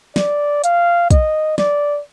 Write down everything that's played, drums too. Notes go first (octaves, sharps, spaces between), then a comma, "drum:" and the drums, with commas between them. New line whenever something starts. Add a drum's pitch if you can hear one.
D5, drum: snare
F5, drum: hi-hat
D#5, drum: kick, hi-hat
D5, drum: snare